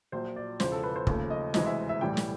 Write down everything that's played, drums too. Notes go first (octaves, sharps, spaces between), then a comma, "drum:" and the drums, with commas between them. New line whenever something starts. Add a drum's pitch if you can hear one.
A#1 A#2 F#3 C5
D5
E1 E2 C#3 F3 C5, drum: snare
A4
B4
C5
D#2 C#3 F3 A3, drum: kick
D#5
D2 C3 E3 G#3 D#5, drum: snare
E5
E5
B1 A2 E3 G3 G5
drum: snare